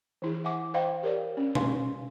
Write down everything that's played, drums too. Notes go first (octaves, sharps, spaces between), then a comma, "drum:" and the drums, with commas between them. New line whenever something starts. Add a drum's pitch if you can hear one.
E3 E4 G#4
E5 F#5 G#5 D6
C5 D#5 F5 G5
G4 A#4 C#5 D5
C#4
B4 F5 G#5 C6, drum: tom